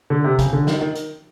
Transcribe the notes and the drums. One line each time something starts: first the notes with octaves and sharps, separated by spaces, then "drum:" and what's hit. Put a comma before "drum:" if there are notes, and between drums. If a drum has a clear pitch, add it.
D3
C3
C#3, drum: kick, hi-hat
D3
D#3, drum: snare
D#3
drum: hi-hat